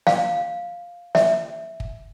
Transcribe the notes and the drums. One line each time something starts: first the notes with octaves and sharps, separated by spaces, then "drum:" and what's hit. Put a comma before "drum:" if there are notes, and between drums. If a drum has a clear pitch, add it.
F5, drum: snare
E5, drum: snare
drum: kick